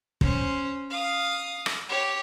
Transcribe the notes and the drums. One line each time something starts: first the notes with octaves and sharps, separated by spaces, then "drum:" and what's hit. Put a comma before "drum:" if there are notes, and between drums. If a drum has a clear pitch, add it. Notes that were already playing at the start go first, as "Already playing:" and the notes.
C#4 C5, drum: kick
F5 D#6
drum: rim click
G4 C#5